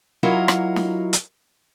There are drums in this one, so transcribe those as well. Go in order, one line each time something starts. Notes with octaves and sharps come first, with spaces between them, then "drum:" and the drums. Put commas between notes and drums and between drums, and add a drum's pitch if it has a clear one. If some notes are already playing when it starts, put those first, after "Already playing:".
F#3 E4 F4 A#4 D#5
drum: rim click
drum: snare
drum: hi-hat